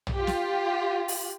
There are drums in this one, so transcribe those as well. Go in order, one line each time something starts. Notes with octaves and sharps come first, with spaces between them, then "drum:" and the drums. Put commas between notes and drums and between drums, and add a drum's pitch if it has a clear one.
drum: tom
F4 G4
drum: snare
drum: open hi-hat